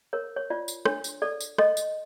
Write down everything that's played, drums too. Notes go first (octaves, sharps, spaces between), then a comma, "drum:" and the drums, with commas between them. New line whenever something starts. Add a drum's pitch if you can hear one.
A#4 C#5
C#5
F4 D5
drum: tambourine
D4 C#5, drum: rim click
drum: tambourine
A4 D5
drum: tambourine
A4 D#5, drum: rim click
drum: tambourine